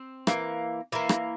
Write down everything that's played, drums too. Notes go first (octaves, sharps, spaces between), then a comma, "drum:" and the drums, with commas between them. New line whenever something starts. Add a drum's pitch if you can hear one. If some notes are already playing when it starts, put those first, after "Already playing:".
Already playing: C4
E3 A#3, drum: rim click
E3 A#3 E4
drum: rim click